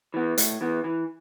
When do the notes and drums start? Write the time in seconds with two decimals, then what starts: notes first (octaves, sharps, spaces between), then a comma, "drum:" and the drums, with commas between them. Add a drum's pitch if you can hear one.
0.14 E3 B3
0.38 A2, drum: hi-hat
0.61 E3 B3
0.84 E3